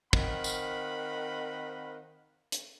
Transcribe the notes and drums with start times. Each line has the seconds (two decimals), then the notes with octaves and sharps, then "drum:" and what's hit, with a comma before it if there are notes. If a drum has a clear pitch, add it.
0.13 D#3 C4 D#5 F5 F#5 B5, drum: kick
0.44 drum: tambourine
2.52 drum: hi-hat